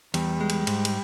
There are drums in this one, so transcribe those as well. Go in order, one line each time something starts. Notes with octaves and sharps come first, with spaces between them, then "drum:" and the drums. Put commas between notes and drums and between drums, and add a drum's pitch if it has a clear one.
E2 G3, drum: cymbal
G#3
drum: cymbal
G#2, drum: cymbal
drum: cymbal